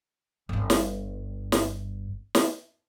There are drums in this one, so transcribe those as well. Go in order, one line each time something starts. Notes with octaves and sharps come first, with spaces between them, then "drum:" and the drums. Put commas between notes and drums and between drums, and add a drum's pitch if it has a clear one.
G1 G2
drum: snare
drum: snare
drum: snare